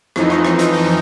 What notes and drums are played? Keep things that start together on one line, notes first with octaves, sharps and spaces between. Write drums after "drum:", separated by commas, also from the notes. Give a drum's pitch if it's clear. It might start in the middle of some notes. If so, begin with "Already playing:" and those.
F2 E3 F3 D#4, drum: rim click
drum: rim click
drum: rim click
drum: hi-hat
drum: open hi-hat